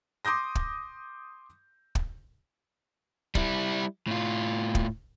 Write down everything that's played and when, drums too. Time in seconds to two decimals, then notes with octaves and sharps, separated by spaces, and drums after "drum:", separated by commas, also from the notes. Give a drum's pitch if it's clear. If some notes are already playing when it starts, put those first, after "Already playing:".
0.25 C6 D6 D#6 G6 A#6
0.55 drum: kick
1.95 drum: kick
3.35 G3 E4, drum: kick
4.07 A2 F4
4.75 drum: kick